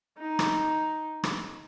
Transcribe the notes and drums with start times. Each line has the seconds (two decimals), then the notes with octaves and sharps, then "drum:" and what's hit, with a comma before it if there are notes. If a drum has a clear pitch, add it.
0.18 D#4
0.39 drum: rim click
1.24 drum: rim click